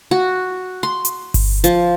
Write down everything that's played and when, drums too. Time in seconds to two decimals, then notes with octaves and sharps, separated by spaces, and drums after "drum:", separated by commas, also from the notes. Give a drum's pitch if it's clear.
0.11 F#4
0.83 C6
1.05 drum: hi-hat
1.34 drum: kick G1, open hi-hat
1.64 F3, drum: hi-hat